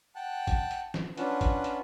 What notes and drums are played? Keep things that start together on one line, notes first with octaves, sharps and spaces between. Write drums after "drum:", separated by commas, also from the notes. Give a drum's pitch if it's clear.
F#5 G5 A5 F#6
drum: kick G#1, hi-hat
drum: hi-hat
drum: snare
C#4 D4 F4 B4 F#5, drum: hi-hat
drum: kick G#1, hi-hat
drum: hi-hat